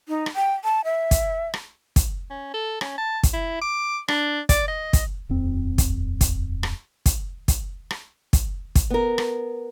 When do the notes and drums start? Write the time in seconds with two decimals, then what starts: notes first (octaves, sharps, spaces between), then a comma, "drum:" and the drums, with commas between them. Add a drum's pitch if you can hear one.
0.08 D#4
0.26 drum: rim click
0.36 G5
0.64 A5
0.85 E5
1.11 drum: kick, hi-hat
1.54 drum: rim click
1.96 drum: kick, hi-hat
2.30 C#4
2.54 A4
2.81 C#4, drum: rim click
2.98 A5
3.23 drum: kick, hi-hat
3.33 E4
3.61 D6
4.08 D4, drum: rim click
4.49 D5, drum: kick, hi-hat
4.68 D#5
4.93 drum: kick, hi-hat
5.29 D#1 F2 C4
5.78 drum: kick, hi-hat
6.21 drum: kick, hi-hat
6.63 drum: rim click
7.06 drum: kick, hi-hat
7.48 drum: kick, hi-hat
7.91 drum: rim click
8.33 drum: kick, hi-hat
8.75 drum: kick, hi-hat
8.90 B3 A#4
9.18 drum: rim click